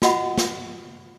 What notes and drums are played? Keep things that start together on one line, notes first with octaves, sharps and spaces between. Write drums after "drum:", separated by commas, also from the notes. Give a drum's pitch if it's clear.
F4 F#4 D#5 F#5 B5, drum: snare
drum: snare